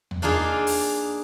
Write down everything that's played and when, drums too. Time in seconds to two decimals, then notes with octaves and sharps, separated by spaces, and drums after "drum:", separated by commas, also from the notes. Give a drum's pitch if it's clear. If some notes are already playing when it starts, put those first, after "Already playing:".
0.11 drum: tom E2
0.22 A#3 D4 D#4 F4 G#4
0.67 drum: open hi-hat